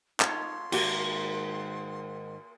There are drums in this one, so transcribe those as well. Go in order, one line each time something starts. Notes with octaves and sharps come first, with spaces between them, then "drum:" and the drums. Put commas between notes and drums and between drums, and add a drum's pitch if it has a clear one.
D#4 F4 A4 C#5 C6, drum: clap
G#2 D#3 A#3 F#4 G4 G5 G#5, drum: cymbal